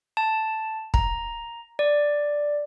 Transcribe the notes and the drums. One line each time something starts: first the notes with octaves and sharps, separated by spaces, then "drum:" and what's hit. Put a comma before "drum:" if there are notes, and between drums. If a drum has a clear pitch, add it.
A5
A#5, drum: kick
D5